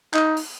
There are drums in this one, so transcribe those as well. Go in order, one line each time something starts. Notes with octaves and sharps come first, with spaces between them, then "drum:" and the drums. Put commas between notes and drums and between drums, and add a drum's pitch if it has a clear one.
D#4, drum: clap
drum: open hi-hat